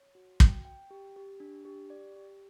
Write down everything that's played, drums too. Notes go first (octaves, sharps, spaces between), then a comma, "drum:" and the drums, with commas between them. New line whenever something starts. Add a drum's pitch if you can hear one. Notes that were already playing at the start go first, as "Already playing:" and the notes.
Already playing: C#5
F#4
G5, drum: kick
G5
G4
G4
D4
G4
D5
G4